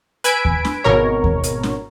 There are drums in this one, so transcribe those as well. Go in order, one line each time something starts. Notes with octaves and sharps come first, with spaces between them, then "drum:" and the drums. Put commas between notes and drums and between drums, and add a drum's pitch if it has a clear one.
B4 G#5 E6 G#6 B6 D7, drum: hi-hat
drum: kick D#2
drum: snare
G#1 B2 A#4 C#5
drum: kick D#2
drum: hi-hat
drum: snare